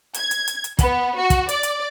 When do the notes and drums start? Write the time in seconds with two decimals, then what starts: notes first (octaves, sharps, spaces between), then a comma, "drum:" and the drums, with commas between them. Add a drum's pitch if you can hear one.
0.14 G#6, drum: hi-hat
0.31 drum: hi-hat
0.47 drum: hi-hat
0.64 drum: hi-hat
0.79 B3, drum: kick, hi-hat
1.17 F#4
1.30 drum: kick, hi-hat
1.49 D5, drum: hi-hat
1.63 drum: hi-hat